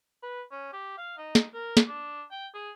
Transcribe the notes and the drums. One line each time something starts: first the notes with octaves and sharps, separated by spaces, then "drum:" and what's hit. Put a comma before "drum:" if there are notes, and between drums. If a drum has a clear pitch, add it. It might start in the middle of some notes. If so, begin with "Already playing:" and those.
B4
C#4
G4
F5
D#4
drum: snare
A#4
drum: snare
D4
G5
G#4